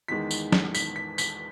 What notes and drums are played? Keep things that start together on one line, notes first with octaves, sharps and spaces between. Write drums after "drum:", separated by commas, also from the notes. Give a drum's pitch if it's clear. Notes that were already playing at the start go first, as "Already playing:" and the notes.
E2 D#3 G#3 B6
drum: tambourine
drum: snare
B6, drum: tambourine
B6
B6, drum: tambourine